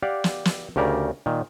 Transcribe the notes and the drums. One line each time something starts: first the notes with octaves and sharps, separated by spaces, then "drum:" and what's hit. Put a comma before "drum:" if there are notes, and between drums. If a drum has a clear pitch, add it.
G4 D5 F5 F#5
drum: snare
drum: snare
D2 C#3 G4 A#4 D5
A#2 D#3